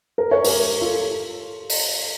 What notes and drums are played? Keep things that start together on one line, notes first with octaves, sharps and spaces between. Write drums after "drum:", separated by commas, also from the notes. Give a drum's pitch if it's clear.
A#4
C#5
G4 A#4, drum: open hi-hat
F4 A4
drum: open hi-hat